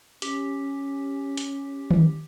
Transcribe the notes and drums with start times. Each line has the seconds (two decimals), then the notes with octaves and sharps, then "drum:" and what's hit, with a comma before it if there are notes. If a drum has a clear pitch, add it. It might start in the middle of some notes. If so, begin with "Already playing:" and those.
0.22 C#4 G4, drum: hi-hat
1.37 drum: hi-hat
1.91 drum: tom D#3